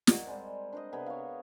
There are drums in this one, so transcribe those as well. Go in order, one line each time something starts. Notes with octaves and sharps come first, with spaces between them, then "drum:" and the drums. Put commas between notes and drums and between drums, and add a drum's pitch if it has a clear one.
A#4 D5 D#5 F#5, drum: snare
G3 G#3 C4
D4 C5 D#5
C3 B3 G#4 A#4
C#5 F5